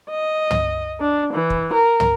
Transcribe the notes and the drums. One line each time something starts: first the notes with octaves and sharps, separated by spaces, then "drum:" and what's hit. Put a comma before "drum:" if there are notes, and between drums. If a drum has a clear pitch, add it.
D#5
drum: tom
D4
E3
drum: kick
A#4
drum: tom